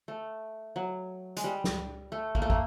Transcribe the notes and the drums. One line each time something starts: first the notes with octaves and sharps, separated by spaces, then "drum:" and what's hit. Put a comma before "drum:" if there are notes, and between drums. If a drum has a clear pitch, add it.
A3
F#3
G#3, drum: hi-hat
G3
drum: snare
A3
A#3, drum: kick
A3
A#3, drum: kick